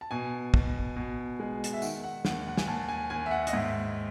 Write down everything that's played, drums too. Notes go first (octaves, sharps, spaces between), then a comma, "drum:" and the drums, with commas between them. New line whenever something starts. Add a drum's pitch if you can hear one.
A5
B2 G#5
B2, drum: kick
B2
G#3
drum: hi-hat
E5
D#3 F#5, drum: tambourine
F#5
D#2 F#5, drum: snare
F#5
G#5, drum: snare
D#2 A5
G#5
D#2 G#5
E5
F#5
D#5, drum: hi-hat
G#2 E5